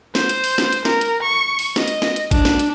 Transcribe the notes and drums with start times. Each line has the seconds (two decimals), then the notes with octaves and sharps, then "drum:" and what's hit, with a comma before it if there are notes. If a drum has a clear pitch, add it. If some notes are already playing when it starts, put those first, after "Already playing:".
0.15 C5, drum: snare
0.29 drum: hi-hat
0.44 drum: open hi-hat
0.58 drum: snare
0.73 drum: hi-hat
0.85 A#4, drum: snare
1.01 drum: hi-hat
1.23 C#6
1.59 drum: open hi-hat
1.76 D#5, drum: snare
1.88 drum: hi-hat
2.02 drum: snare
2.16 drum: hi-hat
2.31 D4, drum: kick, hi-hat
2.45 drum: snare
2.59 drum: hi-hat